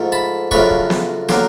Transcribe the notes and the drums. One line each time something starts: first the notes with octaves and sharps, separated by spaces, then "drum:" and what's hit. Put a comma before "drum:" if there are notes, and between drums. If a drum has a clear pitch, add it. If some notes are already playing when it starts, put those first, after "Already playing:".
Already playing: G#2 F3 A3
A5 B5
F#2 C#3 F3 A3 D4 B5 C#6, drum: kick
drum: kick
drum: snare
D3 F#3 A#3 C6 D6, drum: snare